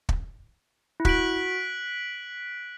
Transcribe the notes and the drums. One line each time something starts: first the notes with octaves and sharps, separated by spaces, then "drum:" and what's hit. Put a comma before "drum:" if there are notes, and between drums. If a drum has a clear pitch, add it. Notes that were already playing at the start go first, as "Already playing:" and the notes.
drum: kick
E4
F#4 F#6 B6 D7 F#7, drum: kick